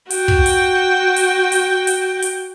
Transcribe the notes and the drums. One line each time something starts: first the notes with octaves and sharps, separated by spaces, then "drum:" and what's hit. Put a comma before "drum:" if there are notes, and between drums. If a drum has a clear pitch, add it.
F#4 G5, drum: hi-hat
drum: kick
drum: hi-hat
drum: hi-hat
drum: hi-hat
drum: hi-hat
drum: hi-hat